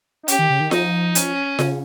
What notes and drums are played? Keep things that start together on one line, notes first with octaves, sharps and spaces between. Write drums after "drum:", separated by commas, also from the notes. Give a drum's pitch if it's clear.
D#4
C#4 G4, drum: hi-hat
D#3
C#3
D#3
F3 D#4, drum: snare F4
C#4, drum: hi-hat
C#3, drum: snare F4